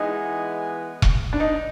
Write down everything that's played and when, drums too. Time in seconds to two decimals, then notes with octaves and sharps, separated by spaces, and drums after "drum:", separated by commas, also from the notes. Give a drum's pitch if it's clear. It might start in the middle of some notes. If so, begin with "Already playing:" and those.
Already playing: E3 G#3 B3 D#4
1.02 drum: kick E1
1.33 D4
1.40 D#4